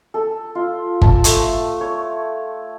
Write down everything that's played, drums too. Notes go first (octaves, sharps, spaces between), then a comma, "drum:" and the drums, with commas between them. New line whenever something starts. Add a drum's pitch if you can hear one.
A4
F4
A5, drum: kick G1
A3, drum: hi-hat
C#5